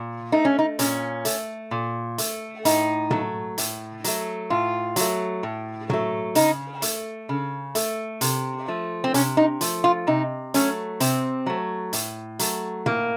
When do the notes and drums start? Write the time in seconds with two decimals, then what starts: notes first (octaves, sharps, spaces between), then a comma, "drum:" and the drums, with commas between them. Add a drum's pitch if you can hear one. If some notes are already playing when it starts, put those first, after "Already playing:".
Already playing: A#2
0.32 A3 D#4
0.45 C#4
0.59 D#4
0.79 A#2 C#4, drum: hi-hat
1.25 A3, drum: hi-hat
1.71 A#2
2.18 A3, drum: hi-hat
2.65 A2 D#4, drum: hi-hat
3.11 F#3 A3, drum: tom
3.58 A2, drum: hi-hat
4.04 F#3 A3, drum: hi-hat
4.50 A2 F4
4.96 F#3 A3, drum: hi-hat
5.43 A2
5.90 F#3 A3, drum: tom
6.35 C#3 D#4, drum: hi-hat
6.82 A3, drum: hi-hat
7.29 C#3
7.75 A3, drum: hi-hat
8.21 C3, drum: hi-hat
8.68 F3 A3
9.04 C4
9.14 C3 C#4, drum: hi-hat
9.37 D#4
9.61 F3 A3, drum: hi-hat
9.84 F4
10.07 C3 D#4
10.54 F#3 A3 C#4, drum: hi-hat
11.00 C3 C4, drum: hi-hat
11.46 F#3 A3
11.93 A2, drum: hi-hat
12.39 F#3 A3, drum: hi-hat
12.86 A2 A#3, drum: tom